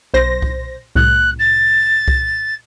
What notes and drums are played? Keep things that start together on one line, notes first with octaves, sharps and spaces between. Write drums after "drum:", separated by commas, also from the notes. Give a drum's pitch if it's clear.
B1 C5 A#6
drum: kick C2
C2 A2 F#6
A6
drum: kick C2